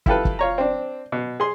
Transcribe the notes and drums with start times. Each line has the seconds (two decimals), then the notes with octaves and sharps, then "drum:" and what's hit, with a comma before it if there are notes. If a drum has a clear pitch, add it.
0.06 E4 F4 G4 A4 B4, drum: kick
0.25 drum: kick
0.39 F4 C#5 A#5
0.58 C4 D4
1.12 B2
1.40 G#4 C6